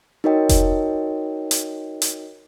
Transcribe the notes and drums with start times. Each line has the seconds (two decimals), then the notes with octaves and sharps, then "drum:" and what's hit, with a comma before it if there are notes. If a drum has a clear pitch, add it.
0.24 D#4 F#4 A#4 C#5 D#5 G5
0.49 drum: kick F1, hi-hat
1.51 drum: hi-hat
2.02 drum: hi-hat